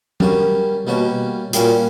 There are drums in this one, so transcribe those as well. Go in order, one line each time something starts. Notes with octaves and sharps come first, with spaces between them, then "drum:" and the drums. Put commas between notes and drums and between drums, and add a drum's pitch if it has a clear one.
G3 A#3 C#4 F#4, drum: tom F#3
B2 G3 A#3 C#4 F#4
A#2 G3 A#3 C#4 F#4, drum: hi-hat